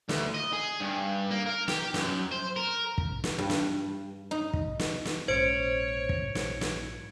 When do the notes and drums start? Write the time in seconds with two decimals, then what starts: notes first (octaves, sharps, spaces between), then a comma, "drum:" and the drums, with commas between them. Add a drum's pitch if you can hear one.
0.09 D2, drum: snare
0.34 D#5
0.53 G#4
0.81 G2
1.30 A#3
1.46 A#4
1.68 G4, drum: snare
1.94 F#2, drum: snare
2.32 C5
2.56 A#4
2.98 drum: kick
3.24 drum: snare
3.38 G2
3.50 drum: snare
4.31 D#4
4.53 drum: kick
4.79 drum: snare
5.05 drum: snare
5.28 A#1 G#2 C#4 C5 C#5 G#6 C#7 D7
6.09 drum: kick
6.35 drum: snare
6.61 drum: snare